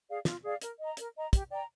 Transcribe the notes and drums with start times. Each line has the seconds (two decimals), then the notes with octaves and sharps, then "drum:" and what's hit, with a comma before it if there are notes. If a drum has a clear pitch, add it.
0.08 G#4 D5 F5
0.25 F4, drum: snare
0.44 G#4 D5 F5
0.62 A#4, drum: hi-hat
0.79 D#5 A#5
0.97 A#4, drum: hi-hat
1.15 D#5 A#5
1.33 G4, drum: kick, hi-hat
1.50 D5 G5 A#5